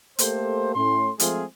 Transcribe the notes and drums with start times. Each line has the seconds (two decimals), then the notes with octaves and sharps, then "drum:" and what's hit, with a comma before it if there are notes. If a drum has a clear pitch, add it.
0.19 A3 A#3 G4 A4 C5, drum: hi-hat
0.74 A2 C#4 C6
1.20 F3 G#3 A3 C4 F4 G#4, drum: hi-hat